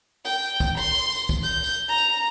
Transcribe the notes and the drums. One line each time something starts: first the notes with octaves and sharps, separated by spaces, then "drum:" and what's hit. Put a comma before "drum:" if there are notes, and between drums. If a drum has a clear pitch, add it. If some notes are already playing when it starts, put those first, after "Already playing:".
G5, drum: tambourine
drum: tambourine
drum: kick, tambourine
C6, drum: tambourine
drum: tambourine
drum: tambourine
drum: kick, tambourine
G6, drum: tambourine
drum: tambourine
A#5
drum: tambourine